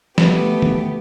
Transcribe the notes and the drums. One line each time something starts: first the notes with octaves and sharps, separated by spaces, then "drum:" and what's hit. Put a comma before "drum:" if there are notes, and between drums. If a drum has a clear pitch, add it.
A3 B3 G4, drum: snare
drum: tom